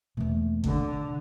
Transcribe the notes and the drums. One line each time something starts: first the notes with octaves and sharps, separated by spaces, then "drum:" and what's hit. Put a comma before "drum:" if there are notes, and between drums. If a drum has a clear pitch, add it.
E2 B2 E3 A3 A#3
D3, drum: kick G#1